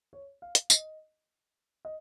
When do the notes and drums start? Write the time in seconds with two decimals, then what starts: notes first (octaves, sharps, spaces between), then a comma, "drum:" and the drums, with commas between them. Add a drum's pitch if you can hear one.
0.13 C#5
0.42 F5
0.55 drum: hi-hat
0.70 D#5, drum: tambourine
1.85 D#5